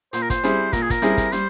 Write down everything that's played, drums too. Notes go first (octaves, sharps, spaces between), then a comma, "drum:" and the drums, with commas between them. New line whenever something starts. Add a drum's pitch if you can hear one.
A#2 C5, drum: hi-hat
A#4
C5, drum: kick, hi-hat
G3 C4 E4 G#4, drum: hi-hat
A#2 A#4, drum: kick, hi-hat
G#4
A#4, drum: kick, hi-hat
G3 C4 E4 G#4, drum: hi-hat
drum: kick, hi-hat
G3 C5, drum: hi-hat